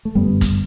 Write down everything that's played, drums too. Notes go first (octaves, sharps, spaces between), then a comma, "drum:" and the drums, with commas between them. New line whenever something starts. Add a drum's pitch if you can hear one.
A3
G1 F#2 D3 G3 B3
drum: kick, hi-hat